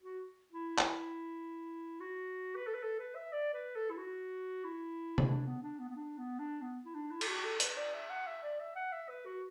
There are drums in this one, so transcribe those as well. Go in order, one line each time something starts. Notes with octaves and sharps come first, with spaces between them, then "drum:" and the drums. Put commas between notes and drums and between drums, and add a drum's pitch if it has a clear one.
F#4
E4
drum: clap
F#4
B4
A4
B4
A4
B4
E5
D5
B4
A4
E4
F#4
E4
drum: tom C3
D4
B3
D4
B3
B3
D4
B3
D4
B3
E4
D4
E4
A4, drum: cymbal
F#4
F#4
A4
B4, drum: hi-hat
D5
E5
F#5
E5
D5
E5
F#5
E5
B4
F#4